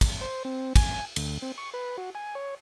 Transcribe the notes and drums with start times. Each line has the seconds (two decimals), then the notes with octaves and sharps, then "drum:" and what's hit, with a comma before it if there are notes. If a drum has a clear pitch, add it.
0.01 drum: kick, cymbal
0.21 C5
0.45 C4
0.76 G#5, drum: kick, cymbal
1.16 D2, drum: cymbal
1.42 C4
1.58 C#6
1.74 B4
1.97 F#4
2.15 G#5
2.35 C#5